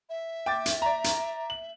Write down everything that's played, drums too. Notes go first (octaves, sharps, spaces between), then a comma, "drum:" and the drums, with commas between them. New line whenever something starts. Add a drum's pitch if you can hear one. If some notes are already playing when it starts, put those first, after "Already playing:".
E5
G5 D6 A6
drum: hi-hat
D5 A#5
drum: hi-hat
F#7